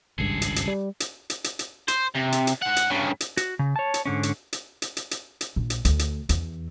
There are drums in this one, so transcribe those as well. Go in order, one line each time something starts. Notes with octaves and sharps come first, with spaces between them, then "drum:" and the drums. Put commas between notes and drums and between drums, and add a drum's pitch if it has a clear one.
G#1 C#2 G2 G#4 A4
drum: hi-hat
drum: hi-hat
G3
drum: hi-hat
drum: hi-hat
drum: hi-hat
drum: hi-hat
C5, drum: hi-hat
C3
drum: hi-hat
drum: hi-hat
G#2 F#5
drum: hi-hat
G2 C#3
drum: hi-hat
F#4, drum: hi-hat
C#3
C#5 A5
drum: hi-hat
G#2 D3 C#4
drum: hi-hat
drum: hi-hat
drum: hi-hat
drum: hi-hat
drum: hi-hat
drum: hi-hat
A#1
drum: hi-hat
D2, drum: hi-hat
drum: hi-hat
E2, drum: hi-hat